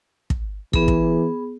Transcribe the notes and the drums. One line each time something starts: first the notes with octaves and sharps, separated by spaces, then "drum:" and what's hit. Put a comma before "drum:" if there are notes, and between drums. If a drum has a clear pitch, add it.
drum: kick
E3 B3 G#4, drum: kick
drum: kick